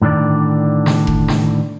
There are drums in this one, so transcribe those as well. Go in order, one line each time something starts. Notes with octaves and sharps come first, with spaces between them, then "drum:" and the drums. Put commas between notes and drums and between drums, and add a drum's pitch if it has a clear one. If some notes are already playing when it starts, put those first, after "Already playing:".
A2 D3 D#3 D4 D5
drum: snare
drum: kick F1
drum: snare